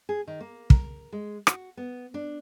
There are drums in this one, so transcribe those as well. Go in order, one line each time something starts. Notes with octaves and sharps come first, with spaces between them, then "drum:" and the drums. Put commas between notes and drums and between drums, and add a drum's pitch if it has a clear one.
G#4
D#3
A#3
A#4, drum: kick
G#3
F#4, drum: rim click
B3
D4